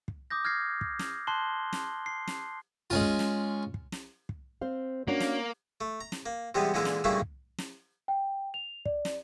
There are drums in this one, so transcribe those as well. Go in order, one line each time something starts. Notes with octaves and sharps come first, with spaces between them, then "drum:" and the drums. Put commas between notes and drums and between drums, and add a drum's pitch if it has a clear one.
drum: kick
D6 D#6 G6 A#6
F6 G#6 A#6 C7
drum: kick
drum: snare
A5 C6 F#6 C7 F#7 G7
drum: snare
C7
drum: snare
G#3 C#4 F4
drum: kick
drum: snare
drum: kick
drum: snare
drum: kick
C4 C5 F5
A#3 C#4 D4 F#4
drum: snare
A3
A#5
drum: snare
A#3
C3 E3 G3 G#3 B3
A#2 D3 E3 G#3 E4 A#4
drum: snare
G2 A#2 C#3 A3 A#3 E4
drum: kick
drum: snare
G5
F7
D5, drum: kick
drum: snare